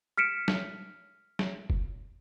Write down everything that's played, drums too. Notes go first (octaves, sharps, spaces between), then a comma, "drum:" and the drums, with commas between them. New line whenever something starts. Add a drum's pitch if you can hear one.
F6 B6 C#7 D7 E7
drum: snare
drum: snare
drum: kick F1